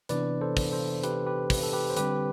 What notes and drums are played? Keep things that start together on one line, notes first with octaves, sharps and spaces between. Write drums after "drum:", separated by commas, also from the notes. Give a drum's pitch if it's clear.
C3 E3 B3 D4 B4 D5, drum: hi-hat
A4 C5
drum: kick, open hi-hat
A4 C5
G4 B4, drum: hi-hat
G4 B4
drum: kick, open hi-hat
A4
G4 B4
C5
D3 G3 C4 G4 B4, drum: hi-hat